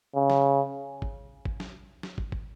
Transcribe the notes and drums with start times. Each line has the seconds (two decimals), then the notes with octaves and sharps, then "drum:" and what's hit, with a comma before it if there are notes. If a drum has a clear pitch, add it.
0.15 C#3
0.30 drum: snare
1.02 drum: kick
1.45 drum: kick
1.60 drum: snare
2.03 drum: snare
2.18 drum: kick
2.32 drum: kick